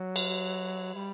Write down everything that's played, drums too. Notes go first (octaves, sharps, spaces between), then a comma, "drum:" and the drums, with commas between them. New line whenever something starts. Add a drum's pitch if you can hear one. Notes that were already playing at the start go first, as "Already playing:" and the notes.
Already playing: F#3
drum: cymbal
G3